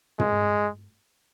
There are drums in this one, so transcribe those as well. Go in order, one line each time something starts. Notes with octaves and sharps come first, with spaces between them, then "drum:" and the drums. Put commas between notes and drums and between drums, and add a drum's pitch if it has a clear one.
G#3, drum: tom